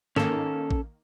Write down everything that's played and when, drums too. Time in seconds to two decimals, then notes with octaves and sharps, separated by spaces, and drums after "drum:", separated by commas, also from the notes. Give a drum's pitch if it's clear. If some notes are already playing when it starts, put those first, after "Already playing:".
0.16 D#3 A#3 C#4 A4, drum: tom
0.71 drum: kick A1